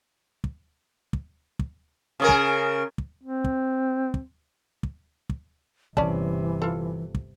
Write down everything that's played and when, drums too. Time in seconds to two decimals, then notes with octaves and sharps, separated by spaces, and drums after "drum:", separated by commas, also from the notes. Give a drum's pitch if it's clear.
0.44 drum: kick
1.13 drum: kick
1.59 drum: kick
2.20 C#3 G#4 A#4
2.29 drum: kick
2.98 drum: kick
3.21 C4
3.44 drum: kick
4.14 drum: kick
4.83 drum: kick
5.29 drum: kick
5.97 G1 C3 E3 C#4 D5 A5, drum: kick
6.62 F4 A4
7.15 drum: kick